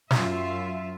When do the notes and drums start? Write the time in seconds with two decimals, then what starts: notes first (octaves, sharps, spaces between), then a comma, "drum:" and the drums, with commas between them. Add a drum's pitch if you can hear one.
0.11 F#2 F4 E5, drum: snare